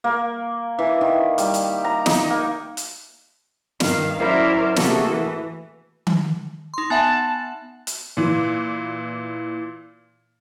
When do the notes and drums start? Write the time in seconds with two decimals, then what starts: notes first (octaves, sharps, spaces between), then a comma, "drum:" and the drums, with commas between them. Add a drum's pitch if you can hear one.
0.04 A#3
0.79 E3
1.01 D#3
1.38 G3, drum: hi-hat
1.54 drum: hi-hat
1.84 A#5
2.06 D#4, drum: snare
2.30 A#3
2.77 drum: hi-hat
3.80 G2 D#3 F5, drum: snare
4.19 F#3 C#4 E4 A#4 C5 D5
4.76 C3 A3 A#3 F#4 G#4 A4, drum: snare
5.09 E3
6.07 drum: tom D#3
6.74 D#4 C6
6.90 B3 E5 F#5 G#5 A5 A6
7.87 drum: hi-hat
8.17 A#2 E3